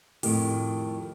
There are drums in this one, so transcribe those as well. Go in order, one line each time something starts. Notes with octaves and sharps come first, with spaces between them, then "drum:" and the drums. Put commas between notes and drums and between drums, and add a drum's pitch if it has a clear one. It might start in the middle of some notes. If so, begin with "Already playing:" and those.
F2 A2 D#3 G4, drum: open hi-hat